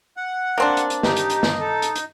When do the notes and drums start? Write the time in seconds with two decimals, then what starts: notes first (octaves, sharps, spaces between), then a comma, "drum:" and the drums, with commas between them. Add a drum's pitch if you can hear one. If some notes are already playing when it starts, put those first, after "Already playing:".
0.17 F#5
0.58 A#3 C4 D4
0.77 drum: hi-hat
0.90 drum: hi-hat
1.03 D#4 G4, drum: snare
1.17 drum: hi-hat
1.30 drum: hi-hat
1.43 drum: snare
1.60 A4
1.82 drum: hi-hat
1.96 drum: hi-hat